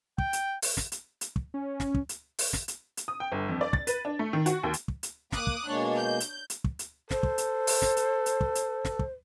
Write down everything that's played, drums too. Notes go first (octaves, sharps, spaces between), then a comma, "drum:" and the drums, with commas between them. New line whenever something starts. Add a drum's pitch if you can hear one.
G5, drum: kick
drum: hi-hat
drum: open hi-hat
drum: snare
drum: hi-hat
drum: hi-hat
drum: kick
C#4
drum: snare
drum: kick
drum: hi-hat
drum: open hi-hat
drum: snare
drum: hi-hat
drum: hi-hat
D#6
G5
G1
F2
D5
A6, drum: kick
B4, drum: hi-hat
D4
A3
D#3
F#4, drum: hi-hat
D#2
drum: hi-hat
drum: kick
drum: hi-hat
A#3 D6 D#6 F#6, drum: snare
drum: kick
B2 G#3 A#3 D4 C#5
G6
drum: hi-hat
drum: hi-hat
drum: kick
drum: hi-hat
A4 C5, drum: snare
drum: kick
drum: hi-hat
drum: open hi-hat
drum: snare
drum: hi-hat
drum: hi-hat
drum: kick
drum: hi-hat
drum: snare
drum: kick